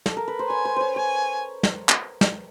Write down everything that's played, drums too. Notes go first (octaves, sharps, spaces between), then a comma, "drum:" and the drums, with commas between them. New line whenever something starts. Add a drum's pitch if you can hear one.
A4, drum: snare
A#4
B4
C5
C#5 G#5
C5
C5 C#5
C#5 G#5
drum: snare
drum: clap
drum: snare